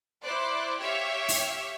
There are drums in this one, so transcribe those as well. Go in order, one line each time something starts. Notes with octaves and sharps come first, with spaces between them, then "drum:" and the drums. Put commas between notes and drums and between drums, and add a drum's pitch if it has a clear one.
E4 C5 D5 F#6
G4 C#5 E5 F5 E6
drum: open hi-hat